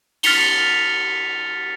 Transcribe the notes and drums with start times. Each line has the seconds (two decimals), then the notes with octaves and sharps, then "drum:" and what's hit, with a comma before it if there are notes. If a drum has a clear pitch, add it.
0.23 F6 A6 B6 C#7 F7 G7, drum: cymbal